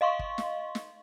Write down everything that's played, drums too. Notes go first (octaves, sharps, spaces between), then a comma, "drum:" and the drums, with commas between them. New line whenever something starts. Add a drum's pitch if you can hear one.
D#5 F5 C6 C#6
drum: kick
drum: snare
drum: snare